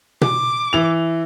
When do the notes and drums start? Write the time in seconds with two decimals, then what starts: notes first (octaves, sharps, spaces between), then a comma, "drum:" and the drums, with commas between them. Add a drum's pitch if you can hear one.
0.21 D6, drum: tom B2
0.73 E3 F7